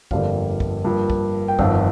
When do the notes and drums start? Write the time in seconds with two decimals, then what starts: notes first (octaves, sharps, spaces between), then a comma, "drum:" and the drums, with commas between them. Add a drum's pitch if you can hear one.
0.11 G1 F2 D3 G3 A#3 F5, drum: kick
0.60 drum: kick
0.85 G2 F3 A#3
1.10 drum: kick
1.48 G5
1.59 G1 F2 D#3 F5, drum: kick